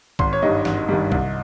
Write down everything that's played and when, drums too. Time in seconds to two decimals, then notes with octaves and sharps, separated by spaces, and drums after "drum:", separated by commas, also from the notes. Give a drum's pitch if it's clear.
0.19 G#1 C6, drum: kick B1
0.33 C#5
0.42 G2 D#3 G3 D#5
0.65 G#1, drum: snare
0.89 G2 D#3 G3
1.12 C2, drum: kick B1